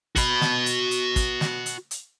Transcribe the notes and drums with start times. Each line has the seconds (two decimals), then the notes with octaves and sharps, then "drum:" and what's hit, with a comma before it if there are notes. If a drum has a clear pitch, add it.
0.16 F#4 B5, drum: kick, hi-hat
0.41 drum: snare
0.66 drum: hi-hat
0.91 drum: hi-hat
1.16 drum: kick, hi-hat
1.41 drum: snare
1.66 drum: hi-hat
1.91 drum: hi-hat